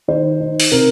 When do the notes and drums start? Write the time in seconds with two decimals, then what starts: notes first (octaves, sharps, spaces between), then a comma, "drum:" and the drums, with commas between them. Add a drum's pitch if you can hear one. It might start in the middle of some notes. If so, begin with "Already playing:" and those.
0.08 D#3 C5
0.40 D#4
0.60 drum: open hi-hat
0.71 C3 A#4